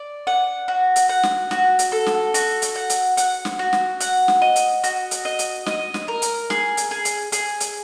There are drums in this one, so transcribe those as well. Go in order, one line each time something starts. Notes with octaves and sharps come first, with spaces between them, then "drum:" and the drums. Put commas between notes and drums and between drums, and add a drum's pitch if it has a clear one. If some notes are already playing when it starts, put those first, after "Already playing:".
Already playing: D5
F#5
F#4
drum: hi-hat
F#5
drum: snare
F#4, drum: snare
drum: hi-hat
A4
drum: snare
F#4, drum: hi-hat
drum: hi-hat
F#5
drum: hi-hat
F#5, drum: hi-hat
drum: snare
F#4
drum: snare
F#5, drum: hi-hat
drum: snare
D#5
drum: hi-hat
F#4, drum: hi-hat
drum: hi-hat
D#5
drum: hi-hat
D#5, drum: snare
drum: snare
A#4
drum: hi-hat
G#4, drum: snare
drum: hi-hat
G#4
drum: hi-hat
G#4, drum: hi-hat
drum: hi-hat